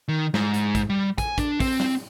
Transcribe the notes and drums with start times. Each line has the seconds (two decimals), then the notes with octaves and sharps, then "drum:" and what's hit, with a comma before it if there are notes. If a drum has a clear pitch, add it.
0.08 D#3
0.34 G#2, drum: snare
0.54 drum: hi-hat
0.75 drum: kick, hi-hat
0.90 G3
1.18 G#5, drum: kick, hi-hat
1.38 D4, drum: kick, hi-hat
1.60 C4, drum: kick, open hi-hat
1.80 drum: snare